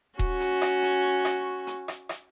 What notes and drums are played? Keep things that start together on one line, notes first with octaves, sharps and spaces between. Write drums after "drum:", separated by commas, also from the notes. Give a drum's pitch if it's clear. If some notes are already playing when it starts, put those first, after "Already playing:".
C#4 F#4, drum: kick D#1
drum: hi-hat
drum: rim click
drum: hi-hat
drum: rim click
drum: hi-hat
drum: rim click
drum: rim click